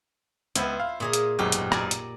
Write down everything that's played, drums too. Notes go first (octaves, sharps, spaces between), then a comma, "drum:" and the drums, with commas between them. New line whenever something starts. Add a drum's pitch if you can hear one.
C#2 B3 E4 F4 C5, drum: hi-hat
F5
A#2 G#4 D#5
drum: hi-hat
G#1 F#2 B2 G4
drum: hi-hat
D5 G#5 A#5, drum: rim click
drum: hi-hat